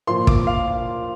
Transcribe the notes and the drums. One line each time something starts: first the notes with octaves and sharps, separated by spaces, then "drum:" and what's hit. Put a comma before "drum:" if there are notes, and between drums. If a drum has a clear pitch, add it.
A#2 F3 A#3 C6
D6, drum: kick
F5